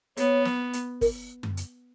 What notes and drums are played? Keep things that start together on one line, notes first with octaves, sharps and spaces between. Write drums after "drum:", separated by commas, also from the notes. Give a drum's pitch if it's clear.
B3 C#5, drum: hi-hat
drum: snare
drum: hi-hat
A#4, drum: kick, open hi-hat
drum: tom F#2
drum: hi-hat